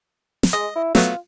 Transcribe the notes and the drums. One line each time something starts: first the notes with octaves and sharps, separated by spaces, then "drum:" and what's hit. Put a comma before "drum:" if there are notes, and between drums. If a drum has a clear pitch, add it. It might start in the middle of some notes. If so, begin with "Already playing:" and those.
drum: snare
G#3 D#5
E4
F#3 A3 B3 F4, drum: snare